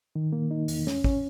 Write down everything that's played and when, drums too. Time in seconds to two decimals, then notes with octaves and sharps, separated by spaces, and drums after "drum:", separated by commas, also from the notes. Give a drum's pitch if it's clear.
0.15 D#3
0.32 A#3
0.51 D#4
0.68 E2, drum: open hi-hat
0.87 C#4, drum: snare
1.04 C#4, drum: kick